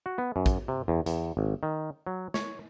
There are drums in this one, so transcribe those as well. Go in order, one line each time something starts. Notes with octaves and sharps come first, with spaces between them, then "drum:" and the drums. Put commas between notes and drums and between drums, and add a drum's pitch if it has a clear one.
F#4
B3
F#2
drum: kick, hi-hat
C3
E2
E2, drum: hi-hat
G#1
D#3
F#3
C#5, drum: snare